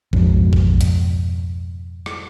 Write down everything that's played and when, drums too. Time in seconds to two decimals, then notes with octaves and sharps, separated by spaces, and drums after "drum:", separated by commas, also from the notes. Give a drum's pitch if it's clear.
0.13 F2 G#2 B2, drum: kick
0.53 drum: kick
0.81 drum: hi-hat
2.06 drum: rim click